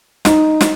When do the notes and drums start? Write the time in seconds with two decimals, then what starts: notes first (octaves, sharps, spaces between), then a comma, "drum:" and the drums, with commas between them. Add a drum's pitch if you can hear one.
0.25 D#4, drum: snare
0.61 drum: snare